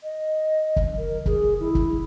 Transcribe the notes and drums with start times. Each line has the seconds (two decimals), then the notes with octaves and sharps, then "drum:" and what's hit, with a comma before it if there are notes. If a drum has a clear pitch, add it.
0.03 D#5
0.76 drum: kick
0.97 A#4
1.26 G#4, drum: kick
1.60 E4
1.75 drum: kick